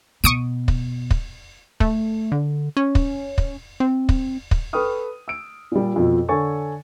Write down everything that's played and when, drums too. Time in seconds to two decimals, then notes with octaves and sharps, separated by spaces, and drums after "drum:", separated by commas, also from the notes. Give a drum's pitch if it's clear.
0.24 B2 C#6 D#6 D7
0.68 drum: kick
1.11 drum: kick
1.80 A3, drum: kick
2.32 D3
2.77 C#4
2.95 drum: kick
3.38 drum: kick
3.80 C4
4.09 drum: kick
4.51 drum: kick
4.73 A4 B4 G5 C#6 D#6 F6
5.28 E6 D7
5.72 A#2 G3
5.96 F2 B2 F4
6.29 D3 A4 C#5 G#5 C#6 A6